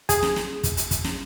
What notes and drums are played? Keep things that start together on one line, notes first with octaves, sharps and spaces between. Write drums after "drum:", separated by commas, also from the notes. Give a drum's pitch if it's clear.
G#4, drum: kick, hi-hat
drum: snare
drum: snare
drum: kick, hi-hat
drum: hi-hat
drum: kick, hi-hat
drum: snare